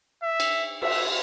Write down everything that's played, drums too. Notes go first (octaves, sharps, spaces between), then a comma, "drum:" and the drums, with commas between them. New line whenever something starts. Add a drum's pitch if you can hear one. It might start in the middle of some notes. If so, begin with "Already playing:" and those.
E5
drum: cymbal
E5, drum: cymbal